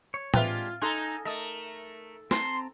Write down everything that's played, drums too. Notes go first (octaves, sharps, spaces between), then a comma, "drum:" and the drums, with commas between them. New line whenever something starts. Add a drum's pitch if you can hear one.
C#5
G#3 C4 D4 F4 G4 B4 E5, drum: tom A2
D#4 A4 G#5 A#5 C6 F#6
A3 A#4 D#5 A5 D#6
C4 A5 A#5 C6, drum: snare